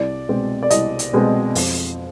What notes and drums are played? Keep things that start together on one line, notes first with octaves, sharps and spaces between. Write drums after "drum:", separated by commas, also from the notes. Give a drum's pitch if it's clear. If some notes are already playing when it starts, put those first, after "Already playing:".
Already playing: C2 D5
B2 G#3 C4
D5
C2 D#5, drum: hi-hat
drum: hi-hat
B2 G#3 C4
F2, drum: open hi-hat